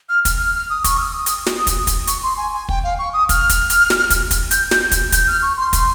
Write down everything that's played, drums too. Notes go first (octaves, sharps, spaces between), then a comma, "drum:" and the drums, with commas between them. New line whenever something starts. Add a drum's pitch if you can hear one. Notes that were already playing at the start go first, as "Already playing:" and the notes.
F6
F6, drum: kick, hi-hat
F6
F6
D#6
C#6, drum: kick, hi-hat
F6
D#6
drum: hi-hat
drum: snare
drum: kick, hi-hat
drum: kick, hi-hat
C#6, drum: hi-hat
C6
G#5
G#5
G5, drum: kick
F5
C#6
D#6
F6, drum: kick, hi-hat
drum: kick, hi-hat
drum: hi-hat
drum: snare
drum: kick, hi-hat
drum: kick, hi-hat
G6, drum: hi-hat
drum: snare
drum: kick, hi-hat
G6, drum: kick, hi-hat
F6
C#6
C6
drum: kick, hi-hat